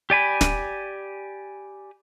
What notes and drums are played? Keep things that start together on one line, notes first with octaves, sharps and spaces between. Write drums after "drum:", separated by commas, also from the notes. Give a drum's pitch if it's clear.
G4 D5 G#5 B5
drum: snare